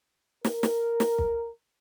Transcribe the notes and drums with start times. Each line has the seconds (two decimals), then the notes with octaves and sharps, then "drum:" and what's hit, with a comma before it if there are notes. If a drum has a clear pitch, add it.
0.45 A#4, drum: snare
0.63 drum: snare
1.00 drum: snare
1.18 drum: kick